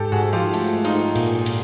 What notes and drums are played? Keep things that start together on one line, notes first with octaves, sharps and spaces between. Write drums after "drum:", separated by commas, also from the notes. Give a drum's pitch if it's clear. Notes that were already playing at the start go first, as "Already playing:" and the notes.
Already playing: G#2 G4 A4
G#2 F#4 G#4
F3 F4 G4
A3, drum: hi-hat
G#2
D#4 F4, drum: hi-hat
G#2
A#2, drum: hi-hat
A#2
drum: hi-hat